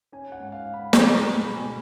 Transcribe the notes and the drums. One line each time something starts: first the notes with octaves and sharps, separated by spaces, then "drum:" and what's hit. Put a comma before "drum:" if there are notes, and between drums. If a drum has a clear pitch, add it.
C#4 G#5
F#5
G#2
F5
G#2
B5
G#3 A#5, drum: snare
A#5
G#3
A#5
B5
B2
G#5